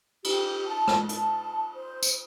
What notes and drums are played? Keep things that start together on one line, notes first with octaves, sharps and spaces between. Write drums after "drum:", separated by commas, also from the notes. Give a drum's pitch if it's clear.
G4, drum: cymbal
A5
drum: rim click
A5, drum: hi-hat
C5
drum: tambourine